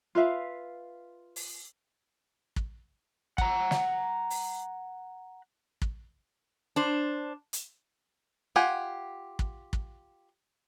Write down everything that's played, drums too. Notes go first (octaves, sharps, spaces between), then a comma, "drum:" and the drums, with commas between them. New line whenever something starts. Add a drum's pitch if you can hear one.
F4 B4 E5 F5
drum: open hi-hat
drum: kick
F#5 A#5, drum: kick
drum: snare
drum: open hi-hat
drum: kick
D4 C5
drum: hi-hat
F4 G4 F#5 G#5
drum: kick
drum: kick